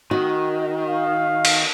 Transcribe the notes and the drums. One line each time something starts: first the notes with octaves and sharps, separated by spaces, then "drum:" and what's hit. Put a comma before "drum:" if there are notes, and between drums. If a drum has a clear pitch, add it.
D#3 F#4
F5
drum: cymbal